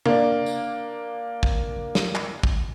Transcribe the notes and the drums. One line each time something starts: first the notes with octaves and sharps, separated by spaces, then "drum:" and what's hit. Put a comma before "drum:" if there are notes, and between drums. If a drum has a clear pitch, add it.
A#3 D4, drum: tom C3
drum: tambourine
drum: kick
drum: snare
drum: clap
drum: kick